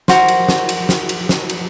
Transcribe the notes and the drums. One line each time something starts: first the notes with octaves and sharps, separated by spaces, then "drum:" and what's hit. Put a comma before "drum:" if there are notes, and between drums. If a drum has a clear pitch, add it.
F#4 A#4 C5, drum: snare
drum: cymbal
drum: snare
drum: cymbal
drum: snare
drum: cymbal
drum: snare
drum: cymbal